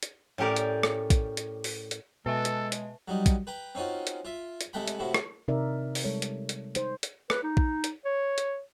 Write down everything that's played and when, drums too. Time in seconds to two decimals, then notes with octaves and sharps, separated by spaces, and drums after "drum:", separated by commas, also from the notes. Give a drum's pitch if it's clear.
0.03 drum: hi-hat
0.38 A2 C#4 G4 A#4 D5
0.56 drum: hi-hat
0.83 drum: rim click
1.10 drum: kick A#1, hi-hat
1.37 drum: hi-hat
1.64 drum: open hi-hat
1.91 drum: hi-hat
2.26 B2 G#3 A4 B4 E5 A5
2.45 drum: hi-hat
2.72 drum: hi-hat
3.08 F#3 G3 D#4
3.26 drum: kick A#1, hi-hat
3.47 B4 G5 A#5
3.75 C4 C#4 D#4 F4 F#4
4.07 drum: hi-hat
4.25 F4 E5
4.61 drum: hi-hat
4.73 C3 G#3 A3 F#5 G5 B5
4.88 drum: hi-hat
4.99 A2 C3 E4 F#4
5.14 drum: rim click
5.48 C3 C4 D#4 A#4 D5 E5
5.95 drum: open hi-hat
6.04 G3 G#3 A4 C#5
6.22 drum: hi-hat
6.49 drum: hi-hat
6.75 D#4 C5, drum: hi-hat
7.03 drum: hi-hat
7.30 B4, drum: rim click
7.43 D#4
7.57 drum: kick A#1
7.84 drum: hi-hat
8.05 C#5
8.38 drum: hi-hat